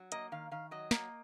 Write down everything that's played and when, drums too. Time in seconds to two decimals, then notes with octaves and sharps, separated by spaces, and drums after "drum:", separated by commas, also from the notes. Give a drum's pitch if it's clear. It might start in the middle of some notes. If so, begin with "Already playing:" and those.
Already playing: F#3
0.12 A#3 D#5, drum: hi-hat
0.32 D#3 F5
0.51 D#3 F5
0.71 F#3 D#5
0.91 A#3, drum: snare